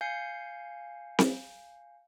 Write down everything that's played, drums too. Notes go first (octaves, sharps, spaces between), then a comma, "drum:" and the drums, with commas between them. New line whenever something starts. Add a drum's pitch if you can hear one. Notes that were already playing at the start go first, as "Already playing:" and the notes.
F5 G#5 G6 C7 C#7
drum: snare C4